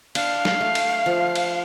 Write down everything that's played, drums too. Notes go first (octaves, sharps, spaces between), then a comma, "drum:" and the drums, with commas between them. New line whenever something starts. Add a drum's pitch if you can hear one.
D4 F5, drum: cymbal
drum: snare
A3
drum: cymbal
F3
drum: cymbal